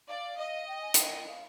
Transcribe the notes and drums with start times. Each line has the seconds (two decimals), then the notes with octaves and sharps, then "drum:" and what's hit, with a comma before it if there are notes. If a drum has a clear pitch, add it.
0.09 D5 F5
0.38 D#5
0.68 G5
0.81 G#5
0.94 G5, drum: hi-hat
1.27 F5